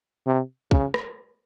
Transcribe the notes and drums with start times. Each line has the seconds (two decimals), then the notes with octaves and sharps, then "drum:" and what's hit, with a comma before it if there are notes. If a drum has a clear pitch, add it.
0.26 C3
0.71 C#3, drum: kick
0.94 drum: rim click